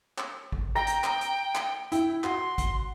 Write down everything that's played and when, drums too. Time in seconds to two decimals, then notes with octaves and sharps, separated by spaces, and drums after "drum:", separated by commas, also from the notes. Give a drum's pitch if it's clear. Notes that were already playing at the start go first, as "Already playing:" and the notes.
0.18 drum: clap
0.52 drum: kick G#1
0.75 G5 A#5 A#6
0.87 drum: hi-hat
1.04 drum: clap
1.21 drum: hi-hat
1.55 drum: clap
1.92 E4 G5, drum: hi-hat
2.24 F#4 C6, drum: clap
2.58 drum: kick G#1, hi-hat